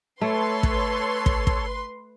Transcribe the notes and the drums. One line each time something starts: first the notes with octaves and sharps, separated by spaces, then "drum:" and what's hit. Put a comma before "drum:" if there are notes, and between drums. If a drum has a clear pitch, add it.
A3 A4 B4 C#5 C6
drum: kick
drum: kick
drum: kick